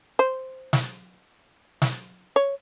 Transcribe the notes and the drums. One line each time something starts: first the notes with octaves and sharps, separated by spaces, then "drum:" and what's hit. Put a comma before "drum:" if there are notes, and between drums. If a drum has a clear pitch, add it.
C5
drum: snare
drum: snare
C#5